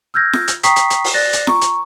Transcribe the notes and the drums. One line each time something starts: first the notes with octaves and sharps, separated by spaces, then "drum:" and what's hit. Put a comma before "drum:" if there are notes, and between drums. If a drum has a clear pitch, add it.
E6 F6 G6 G#6 A#6
drum: snare F4
drum: hi-hat
G5 A#5 C#6 D#6 B6 C7, drum: hi-hat
drum: hi-hat
drum: hi-hat
drum: open hi-hat
D5 F#6 A6 A#6
drum: hi-hat
A#5 C#6, drum: snare F4
drum: hi-hat